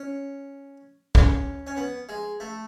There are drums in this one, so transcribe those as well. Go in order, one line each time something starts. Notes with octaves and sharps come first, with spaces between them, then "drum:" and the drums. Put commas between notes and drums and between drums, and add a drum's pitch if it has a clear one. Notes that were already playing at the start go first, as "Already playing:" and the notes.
Already playing: C#4
C#4, drum: kick
C#4
B3
G#3
A3